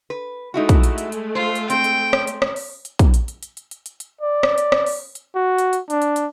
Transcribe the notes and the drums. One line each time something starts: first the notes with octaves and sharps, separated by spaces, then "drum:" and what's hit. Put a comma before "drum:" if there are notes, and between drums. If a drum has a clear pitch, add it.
B4
G#3 A3 D#4 E4 F#4
drum: kick, hi-hat
drum: hi-hat
drum: hi-hat
drum: hi-hat
F4 C5
drum: hi-hat
C4 C5 G5, drum: hi-hat
drum: hi-hat
drum: rim click
drum: hi-hat
drum: rim click
drum: open hi-hat
drum: hi-hat
drum: kick, hi-hat
drum: hi-hat
drum: hi-hat
drum: hi-hat
drum: hi-hat
drum: hi-hat
drum: hi-hat
drum: hi-hat
D5
drum: rim click
drum: hi-hat
drum: rim click
drum: open hi-hat
drum: hi-hat
F#4
drum: hi-hat
drum: hi-hat
D4, drum: hi-hat
drum: hi-hat
drum: hi-hat